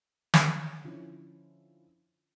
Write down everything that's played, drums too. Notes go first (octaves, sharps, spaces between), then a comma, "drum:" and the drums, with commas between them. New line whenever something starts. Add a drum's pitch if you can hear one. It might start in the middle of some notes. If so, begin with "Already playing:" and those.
drum: snare
D3 F3 C#4 E4